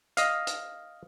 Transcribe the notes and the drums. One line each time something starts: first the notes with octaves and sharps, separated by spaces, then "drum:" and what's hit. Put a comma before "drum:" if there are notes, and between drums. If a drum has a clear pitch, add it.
D#5 F5, drum: hi-hat
drum: hi-hat